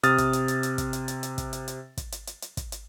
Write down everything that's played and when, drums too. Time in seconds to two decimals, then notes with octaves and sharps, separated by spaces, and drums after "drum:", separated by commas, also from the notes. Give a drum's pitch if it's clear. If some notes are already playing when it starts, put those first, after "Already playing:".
0.03 C3 D#6 F6 A6, drum: hi-hat
0.18 drum: kick, hi-hat
0.33 drum: hi-hat
0.48 drum: hi-hat
0.63 drum: hi-hat
0.78 drum: kick, hi-hat
0.93 drum: hi-hat
1.08 drum: hi-hat
1.23 drum: hi-hat
1.38 drum: kick, hi-hat
1.53 drum: hi-hat
1.68 drum: hi-hat
1.97 drum: kick, hi-hat
2.12 drum: hi-hat
2.27 drum: hi-hat
2.42 drum: hi-hat
2.57 drum: kick, hi-hat
2.72 drum: hi-hat